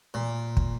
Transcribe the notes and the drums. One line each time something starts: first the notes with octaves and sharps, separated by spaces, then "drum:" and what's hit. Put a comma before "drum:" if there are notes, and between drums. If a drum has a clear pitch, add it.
A#2
drum: kick